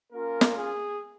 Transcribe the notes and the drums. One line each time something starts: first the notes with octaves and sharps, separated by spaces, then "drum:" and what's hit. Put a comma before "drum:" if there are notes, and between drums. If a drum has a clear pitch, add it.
A#3 C#4 F4 A#4
drum: snare
G#4